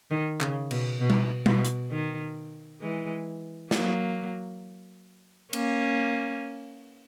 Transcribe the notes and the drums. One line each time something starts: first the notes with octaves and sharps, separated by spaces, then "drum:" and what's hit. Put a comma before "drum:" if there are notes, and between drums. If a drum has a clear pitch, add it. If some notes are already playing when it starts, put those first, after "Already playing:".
D#3
C#3, drum: clap
B2, drum: cymbal
B2
drum: tom G3
B2, drum: tom G3
drum: hi-hat
D#3
E3 G#3
F#3 A#3, drum: snare
A#3 C#4, drum: cymbal